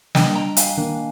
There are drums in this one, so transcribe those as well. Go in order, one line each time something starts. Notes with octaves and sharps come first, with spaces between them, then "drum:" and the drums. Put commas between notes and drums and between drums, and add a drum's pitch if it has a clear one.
G3 D4 D#5 G5, drum: snare
G5 A#5
F5 G#5, drum: hi-hat
D#3 A#3 D4